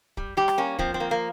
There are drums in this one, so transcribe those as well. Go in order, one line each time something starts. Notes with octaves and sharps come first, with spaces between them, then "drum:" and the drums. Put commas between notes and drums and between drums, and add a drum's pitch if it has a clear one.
G3, drum: kick
G3 G4
drum: rim click
A#3 C#4
F3 C4, drum: kick
C4
A#3
A#3